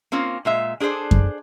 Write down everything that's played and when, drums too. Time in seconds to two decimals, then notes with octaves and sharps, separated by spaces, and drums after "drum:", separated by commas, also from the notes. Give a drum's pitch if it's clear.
0.12 A#3 C4 C#4 F4
0.45 A#2 G#3 E5
0.80 D4 G#4 A4 C5 D5
1.11 drum: kick F#2